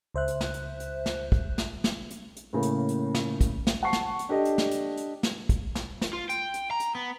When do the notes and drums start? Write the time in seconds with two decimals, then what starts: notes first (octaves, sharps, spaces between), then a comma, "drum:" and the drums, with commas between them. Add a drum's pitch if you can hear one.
0.14 C#2 C5 E5 F#6
0.28 drum: hi-hat
0.41 drum: snare
0.54 drum: hi-hat
0.80 drum: hi-hat
1.06 drum: snare
1.32 drum: kick
1.58 drum: snare
1.84 drum: snare
2.10 drum: hi-hat
2.36 drum: hi-hat
2.53 A2 C#3 A#3
2.62 drum: hi-hat
2.88 drum: hi-hat
3.15 drum: snare
3.41 drum: kick, hi-hat
3.67 drum: snare
3.83 F#5 A5 C#6 C7
3.93 drum: snare
4.19 drum: hi-hat
4.29 D4 G4 A4 D5 D#5
4.45 drum: hi-hat
4.58 drum: snare
4.71 drum: hi-hat
4.97 drum: hi-hat
5.23 drum: snare
5.49 drum: kick, hi-hat
5.75 drum: snare
6.01 drum: snare
6.13 F4
6.29 G5, drum: hi-hat
6.54 drum: hi-hat
6.71 A#5
6.80 drum: hi-hat
6.95 B3